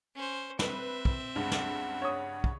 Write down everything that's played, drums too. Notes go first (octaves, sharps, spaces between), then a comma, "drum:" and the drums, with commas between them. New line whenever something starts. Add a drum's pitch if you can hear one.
C#4 C5
C4 B4 E5, drum: snare
drum: kick
C#2 G2 F#5
drum: snare
C#5 D#6
drum: kick